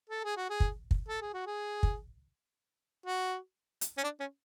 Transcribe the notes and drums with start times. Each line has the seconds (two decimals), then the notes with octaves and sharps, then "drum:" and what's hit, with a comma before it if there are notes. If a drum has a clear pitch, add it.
0.09 A4
0.24 G#4
0.37 F#4
0.50 G#4
0.60 drum: kick
0.91 drum: kick
1.08 A4
1.21 G#4
1.34 F#4
1.46 G#4
1.83 drum: kick
3.06 F#4
3.81 drum: hi-hat
3.97 C#4
4.03 D4
4.20 C#4